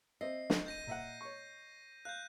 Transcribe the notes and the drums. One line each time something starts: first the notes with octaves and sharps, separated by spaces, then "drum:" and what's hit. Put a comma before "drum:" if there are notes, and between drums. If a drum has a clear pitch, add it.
C4 D#5 E5 C7
drum: snare
G6 A#6 D#7
A#2 E5 F#5
C#5 C#6
F5 F#6 G6